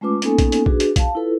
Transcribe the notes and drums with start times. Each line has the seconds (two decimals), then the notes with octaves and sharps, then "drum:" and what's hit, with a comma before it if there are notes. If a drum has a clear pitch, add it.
0.01 G#3 A3 C#4 F4 B4 D6
0.22 A#3 B3 C#4 D#4 A4 G#5, drum: hi-hat
0.38 drum: kick A#1, hi-hat
0.52 drum: hi-hat
0.66 D4 F#4 G#4 B4, drum: kick A#1
0.80 drum: hi-hat
0.96 F5 A5, drum: kick A#1, hi-hat
1.15 E4 F4 A4 B4